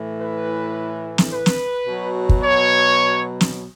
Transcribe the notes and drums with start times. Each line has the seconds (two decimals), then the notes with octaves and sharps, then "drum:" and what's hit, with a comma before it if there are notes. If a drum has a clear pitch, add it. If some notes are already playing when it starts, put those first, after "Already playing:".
Already playing: A2 E3
0.21 B4
1.18 drum: snare
1.32 B4
1.46 drum: snare
1.87 B2 F#3
2.29 drum: kick
2.43 C#5
3.41 drum: snare